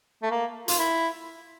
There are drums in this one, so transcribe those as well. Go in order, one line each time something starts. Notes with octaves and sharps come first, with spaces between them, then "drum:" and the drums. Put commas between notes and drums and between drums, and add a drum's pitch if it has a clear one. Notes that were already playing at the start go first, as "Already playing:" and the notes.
A3
A#3
F4, drum: hi-hat
E4